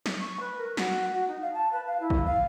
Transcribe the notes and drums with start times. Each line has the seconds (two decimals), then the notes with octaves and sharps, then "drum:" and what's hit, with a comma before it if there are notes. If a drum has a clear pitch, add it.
0.06 drum: snare
0.20 C#6
0.40 B4
0.57 A#4
0.77 F#4, drum: snare
1.13 F#4
1.27 D#4
1.41 F5
1.54 A5
1.72 B4
1.86 F5
2.00 E4
2.10 drum: kick
2.25 F5